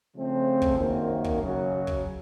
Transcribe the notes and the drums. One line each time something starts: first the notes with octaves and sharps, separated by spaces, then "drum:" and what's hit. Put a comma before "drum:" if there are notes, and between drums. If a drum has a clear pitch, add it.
C#3 F3 A3 C4
drum: kick
F#2 D#3 A#3
drum: kick
F#2 C#3 F#3
drum: kick